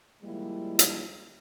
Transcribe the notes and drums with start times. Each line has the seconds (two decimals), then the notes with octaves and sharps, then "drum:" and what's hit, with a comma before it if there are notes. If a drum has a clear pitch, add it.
0.23 D#3 F3 G3 G#3 A#3 E4
0.79 drum: hi-hat